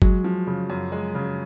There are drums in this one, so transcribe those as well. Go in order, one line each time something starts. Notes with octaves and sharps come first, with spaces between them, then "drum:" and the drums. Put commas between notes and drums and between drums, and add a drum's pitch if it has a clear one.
F#3 G#3, drum: kick F#1
F3
C#3
F#2
G#3
C#3